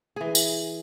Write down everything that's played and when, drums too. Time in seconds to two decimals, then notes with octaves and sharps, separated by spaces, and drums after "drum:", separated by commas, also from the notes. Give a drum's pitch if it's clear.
0.16 E3 G#4
0.35 drum: tambourine